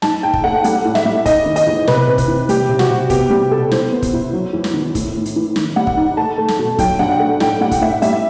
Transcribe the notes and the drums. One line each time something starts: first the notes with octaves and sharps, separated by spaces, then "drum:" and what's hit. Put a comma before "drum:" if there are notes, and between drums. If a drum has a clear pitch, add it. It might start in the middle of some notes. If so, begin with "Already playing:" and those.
D#4 A5, drum: snare
D#4 G5
drum: kick
A3 F#5
G3 F#5, drum: hi-hat
A2
E5, drum: snare
G3
D#4 D#5, drum: kick, hi-hat
D#3
D#5, drum: hi-hat
E2
C3 B4, drum: snare
C3
drum: kick, hi-hat
E3
G3 G4, drum: hi-hat
C3
F#4, drum: snare
C3
B3 G4, drum: kick, hi-hat
G3 G4
B2 A4
E3 C5, drum: snare
B3
drum: kick, hi-hat
E4
F#3
E2
drum: snare
D#3
A2, drum: kick, hi-hat
A2
drum: hi-hat
E3
D#3, drum: snare
G3 F#5
drum: kick
D#4
A3 A5
A3
drum: snare
B2
F#3 G5, drum: kick, hi-hat
G2 F#5
A3
A2 G5, drum: snare
G3 F#5
drum: kick, hi-hat
A2 E5
G3 E5, drum: hi-hat